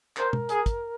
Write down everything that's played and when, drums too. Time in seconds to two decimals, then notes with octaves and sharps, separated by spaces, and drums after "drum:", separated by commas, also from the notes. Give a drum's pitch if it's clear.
0.17 A#4 C5, drum: clap
0.33 drum: tom B2
0.49 G#4, drum: hi-hat
0.66 drum: kick, hi-hat